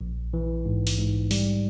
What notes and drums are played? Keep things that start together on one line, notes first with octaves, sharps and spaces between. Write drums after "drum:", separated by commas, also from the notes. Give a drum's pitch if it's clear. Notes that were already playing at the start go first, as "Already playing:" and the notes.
A#1
E3
G#2
drum: open hi-hat
G#2
G3, drum: open hi-hat